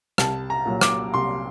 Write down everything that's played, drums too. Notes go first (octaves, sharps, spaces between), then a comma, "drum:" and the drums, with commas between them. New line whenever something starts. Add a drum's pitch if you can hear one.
C2 A5, drum: rim click
A#5
A#2 F#3
D6, drum: rim click
C2 C6